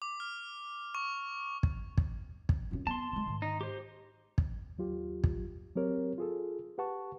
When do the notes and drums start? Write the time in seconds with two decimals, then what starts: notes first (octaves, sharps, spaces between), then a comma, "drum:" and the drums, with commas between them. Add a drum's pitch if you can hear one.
0.02 D6
0.20 F6
0.95 C#6
1.63 drum: kick
1.98 drum: kick
2.49 drum: kick
2.71 F#2 F4
2.87 B3 A5 C6
3.13 D3 G#3
3.27 G#2 D#3
3.42 D#4
3.61 G4 C5
4.38 drum: kick
4.78 D#2 F#3 F4 G4
5.24 drum: kick
5.76 F#3 C4 G4 A#4 C#5
6.18 F4 G#4 A4
6.78 G4 B4 F#5 A5 C#6